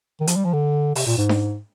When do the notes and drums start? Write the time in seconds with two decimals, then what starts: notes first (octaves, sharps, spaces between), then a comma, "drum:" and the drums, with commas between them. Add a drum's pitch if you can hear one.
0.21 D#3
0.27 F3, drum: hi-hat
0.36 G3
0.45 F3
0.53 D3
0.95 C3, drum: open hi-hat
1.06 A#2
1.18 G#2
1.29 drum: snare D4